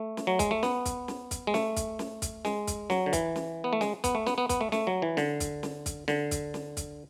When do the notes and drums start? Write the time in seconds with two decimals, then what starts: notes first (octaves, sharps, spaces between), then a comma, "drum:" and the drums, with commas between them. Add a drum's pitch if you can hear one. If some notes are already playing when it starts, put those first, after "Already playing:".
Already playing: A3
0.17 drum: snare
0.27 F#3
0.39 G#3, drum: kick, hi-hat
0.51 A3
0.63 B3, drum: snare
0.85 drum: kick, hi-hat
1.08 drum: snare
1.31 drum: kick, hi-hat
1.47 G#3
1.54 A3, drum: snare
1.76 drum: kick, hi-hat
1.99 drum: snare
2.22 drum: kick, hi-hat
2.45 G#3, drum: snare
2.67 drum: kick, hi-hat
2.90 F#3, drum: snare
3.06 D3
3.13 E3, drum: kick, hi-hat
3.36 drum: snare
3.64 B3
3.73 A3
3.81 G#3, drum: snare
4.04 B3, drum: kick, hi-hat
4.15 A3
4.27 B3, drum: snare
4.38 B3
4.49 B3, drum: kick, hi-hat
4.61 A3
4.72 A3, drum: snare
4.87 F#3
5.02 E3
5.17 D3, drum: snare
5.40 drum: kick, hi-hat
5.63 drum: snare
5.86 drum: kick, hi-hat
6.08 D3, drum: snare
6.31 drum: kick, hi-hat
6.54 drum: snare
6.77 drum: kick, hi-hat